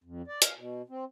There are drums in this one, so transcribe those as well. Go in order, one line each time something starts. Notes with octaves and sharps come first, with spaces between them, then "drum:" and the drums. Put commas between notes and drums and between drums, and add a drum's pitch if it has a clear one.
F2
D5
F5, drum: hi-hat
B2
C4